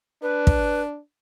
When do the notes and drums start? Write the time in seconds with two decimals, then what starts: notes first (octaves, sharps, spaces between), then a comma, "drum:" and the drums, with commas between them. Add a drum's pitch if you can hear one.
0.23 D4 B4
0.47 drum: kick